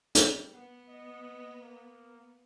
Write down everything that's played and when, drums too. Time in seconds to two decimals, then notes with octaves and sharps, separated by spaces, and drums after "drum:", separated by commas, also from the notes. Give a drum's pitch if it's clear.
0.15 G3, drum: hi-hat
0.53 B3 F#5
0.88 D#5
1.61 A#3